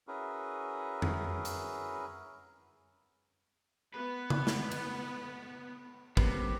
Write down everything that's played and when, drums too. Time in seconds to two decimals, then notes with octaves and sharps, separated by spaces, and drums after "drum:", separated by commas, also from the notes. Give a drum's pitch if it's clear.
0.08 C#4 E4 F#4 G#4 A#4 B4
1.02 drum: tom F2
1.45 drum: hi-hat
3.94 B3 B4
4.30 drum: tom C#3
4.47 drum: snare
4.71 drum: cymbal
6.17 C3 G3 A#3 B3 C#4, drum: kick